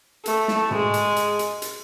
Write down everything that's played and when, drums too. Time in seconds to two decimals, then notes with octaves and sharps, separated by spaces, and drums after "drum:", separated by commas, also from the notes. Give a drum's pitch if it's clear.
0.26 A3, drum: hi-hat
0.48 drum: snare
0.71 G#3, drum: tom
0.94 drum: hi-hat
1.16 drum: hi-hat
1.39 drum: hi-hat
1.62 drum: hi-hat